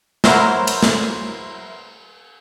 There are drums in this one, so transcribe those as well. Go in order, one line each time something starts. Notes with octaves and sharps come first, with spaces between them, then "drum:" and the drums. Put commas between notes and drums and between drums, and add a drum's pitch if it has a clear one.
F#3 E4 A#4 C5, drum: snare
drum: cymbal
drum: snare